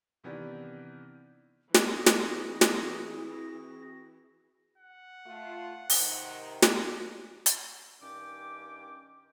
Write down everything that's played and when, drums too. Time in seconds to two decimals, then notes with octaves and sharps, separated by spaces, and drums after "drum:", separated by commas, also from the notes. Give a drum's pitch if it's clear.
0.24 C3 D#3 E3 B3 D4 G4
1.74 E3 C4 E4 F#4 G#4 A#6, drum: snare
2.06 drum: snare
2.61 drum: snare
4.78 F#5
5.27 A3 F4
5.90 G#2 C3 D#3, drum: open hi-hat
6.62 drum: snare
7.46 drum: hi-hat
8.02 G2 D#3 C#4 G5 D6